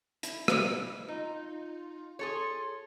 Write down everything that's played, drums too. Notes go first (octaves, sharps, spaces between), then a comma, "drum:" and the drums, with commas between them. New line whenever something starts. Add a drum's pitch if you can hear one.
E4, drum: hi-hat
drum: rim click
D#4 F4
G#4 A4 C#5 C6